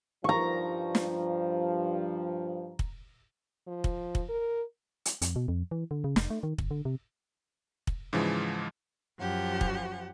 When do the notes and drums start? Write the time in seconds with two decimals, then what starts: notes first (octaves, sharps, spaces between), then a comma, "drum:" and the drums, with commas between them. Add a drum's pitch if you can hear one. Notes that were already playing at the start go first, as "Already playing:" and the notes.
0.24 G2 F3 A#5 C#6
0.95 drum: snare
2.79 drum: kick
3.67 F3
3.84 drum: kick
4.15 drum: kick
4.29 A#4
5.05 drum: hi-hat
5.22 F2, drum: hi-hat
5.36 B2
5.48 F2
5.71 E3
5.91 D3
6.04 C#3
6.16 F1, drum: snare
6.30 A3
6.43 D#3
6.58 G1, drum: kick
6.71 D3
6.85 C3
7.87 drum: kick
8.13 G#2 C#3 E3 F3 G#3
9.20 F#2 F3 G4 F#5
9.61 drum: kick